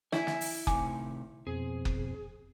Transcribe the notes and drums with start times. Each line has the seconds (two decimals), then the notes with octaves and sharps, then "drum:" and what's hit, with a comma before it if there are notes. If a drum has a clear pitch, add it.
0.12 E4 G#5, drum: snare
0.27 drum: snare
0.41 drum: open hi-hat
0.67 A2 C3 D#3 G#5 D6, drum: kick F#1
1.47 F2 B2 C4 G#4
1.85 drum: kick F#1